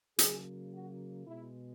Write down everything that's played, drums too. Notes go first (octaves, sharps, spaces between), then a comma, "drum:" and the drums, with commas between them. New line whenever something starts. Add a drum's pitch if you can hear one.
C#3 F#3 A#3 G#4, drum: hi-hat
F#4
B2 G#3 E4